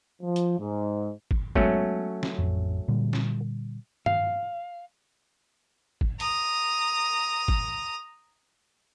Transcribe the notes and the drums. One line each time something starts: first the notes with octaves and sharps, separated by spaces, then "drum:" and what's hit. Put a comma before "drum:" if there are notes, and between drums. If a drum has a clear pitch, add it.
F3
drum: hi-hat
G#2
drum: kick
F#3 G#3 A3 B3 C#4, drum: kick
drum: snare
A1 F2
A#2 D3 G3
drum: snare
F5, drum: tom
drum: kick
A#5 D#6, drum: hi-hat
drum: kick